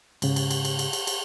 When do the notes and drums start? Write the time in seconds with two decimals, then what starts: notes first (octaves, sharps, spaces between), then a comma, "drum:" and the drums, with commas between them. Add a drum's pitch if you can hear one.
0.22 G#2 C#3, drum: cymbal
0.36 drum: cymbal
0.50 drum: cymbal
0.65 drum: cymbal
0.79 drum: cymbal
0.93 drum: cymbal
1.07 drum: cymbal